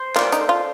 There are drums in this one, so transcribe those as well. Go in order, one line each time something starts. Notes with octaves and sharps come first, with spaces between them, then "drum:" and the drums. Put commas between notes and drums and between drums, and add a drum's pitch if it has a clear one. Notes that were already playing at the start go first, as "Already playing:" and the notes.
Already playing: C5
F4 A#4 D5, drum: clap
D#4, drum: hi-hat
A4 C5
F4